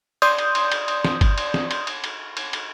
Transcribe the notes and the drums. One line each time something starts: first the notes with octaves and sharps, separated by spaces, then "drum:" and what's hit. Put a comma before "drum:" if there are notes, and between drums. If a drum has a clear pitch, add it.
D5 C6 D#6 G6, drum: cymbal
drum: cymbal
drum: cymbal
drum: cymbal
drum: cymbal
drum: snare
drum: kick G1, cymbal
drum: cymbal
drum: snare
drum: cymbal
drum: cymbal
drum: cymbal
drum: cymbal
drum: cymbal